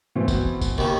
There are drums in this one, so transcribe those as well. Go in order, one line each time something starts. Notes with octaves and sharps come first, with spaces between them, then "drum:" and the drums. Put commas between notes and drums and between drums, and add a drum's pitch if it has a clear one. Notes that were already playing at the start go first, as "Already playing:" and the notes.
B2 E3 C4
drum: kick, tambourine
drum: kick, tambourine
D#2 C#3